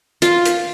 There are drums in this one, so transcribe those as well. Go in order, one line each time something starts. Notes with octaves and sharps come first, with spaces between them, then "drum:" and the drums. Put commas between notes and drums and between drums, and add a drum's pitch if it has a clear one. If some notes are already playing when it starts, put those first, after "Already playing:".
F4, drum: hi-hat
drum: hi-hat